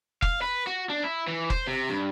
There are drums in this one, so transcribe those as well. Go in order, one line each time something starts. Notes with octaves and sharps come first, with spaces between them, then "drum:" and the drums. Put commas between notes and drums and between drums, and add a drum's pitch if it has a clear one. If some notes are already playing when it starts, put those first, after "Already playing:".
F5, drum: kick F1
B4
F#4
D4
E4
E3
C5, drum: kick F1
C3
G2